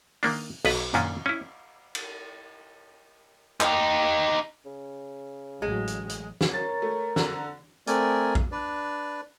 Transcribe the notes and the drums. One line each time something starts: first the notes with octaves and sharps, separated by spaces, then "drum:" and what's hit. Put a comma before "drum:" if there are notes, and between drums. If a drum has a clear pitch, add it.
D#3 A#3 D4, drum: open hi-hat
B1 B3 B4, drum: cymbal
F#2 A#2 D#3 C#4 D4, drum: hi-hat
C#4 E4
drum: cymbal
D#4 G4, drum: clap
C#3
A1 F#3 G#3
drum: hi-hat
drum: hi-hat
drum: snare
A#4 C#5 A6
A3
D3 A#5, drum: snare
A3 C4 A#4 D5 G#5, drum: hi-hat
drum: kick
D4 B4 D5